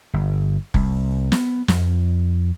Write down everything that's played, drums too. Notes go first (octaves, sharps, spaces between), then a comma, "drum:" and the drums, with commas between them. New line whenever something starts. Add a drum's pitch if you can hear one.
G1
C2, drum: kick
B3, drum: snare
F2, drum: snare